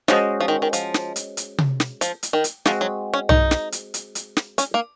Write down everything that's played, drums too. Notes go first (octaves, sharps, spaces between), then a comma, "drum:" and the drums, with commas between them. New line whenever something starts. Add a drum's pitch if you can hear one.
F3 G#3 C#4 F#4 C5 D#5, drum: snare
F3
D#3
D#3
F3, drum: hi-hat
drum: snare
drum: hi-hat
drum: hi-hat
drum: tom C3
drum: snare
F3, drum: hi-hat
drum: hi-hat
D#3
drum: hi-hat
F3 G#3 C4 F#4, drum: snare
F#3
C#4
D#4, drum: tom
drum: snare
drum: hi-hat
drum: hi-hat
drum: hi-hat
drum: snare
C#4, drum: hi-hat
A#3